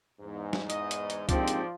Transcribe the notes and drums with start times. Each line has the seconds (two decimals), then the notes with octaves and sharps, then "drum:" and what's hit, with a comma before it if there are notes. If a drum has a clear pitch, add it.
0.22 E2 G#2
0.53 drum: snare
0.70 D#5, drum: hi-hat
0.91 drum: hi-hat
1.10 drum: hi-hat
1.29 A#1 G#2 F3 C4 G4 D5, drum: kick C2, hi-hat
1.48 drum: hi-hat